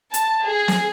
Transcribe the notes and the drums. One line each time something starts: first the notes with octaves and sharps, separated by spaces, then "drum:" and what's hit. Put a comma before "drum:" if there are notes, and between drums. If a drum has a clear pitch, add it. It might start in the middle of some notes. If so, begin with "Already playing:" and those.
A5, drum: hi-hat
G#4
drum: snare